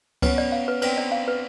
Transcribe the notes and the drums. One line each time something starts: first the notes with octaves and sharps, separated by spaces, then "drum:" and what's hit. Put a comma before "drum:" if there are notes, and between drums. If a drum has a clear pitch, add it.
B3 C#4 B4, drum: kick C#2, cymbal
D5
F5
B4
C4 D4 B4, drum: cymbal
D5
F5
B4